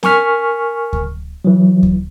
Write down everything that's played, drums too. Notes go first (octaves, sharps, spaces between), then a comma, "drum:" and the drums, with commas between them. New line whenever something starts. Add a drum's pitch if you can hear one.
A#4 G#5 C#6 F6 B6, drum: snare C4
drum: kick D2
E3 F#3
drum: kick D2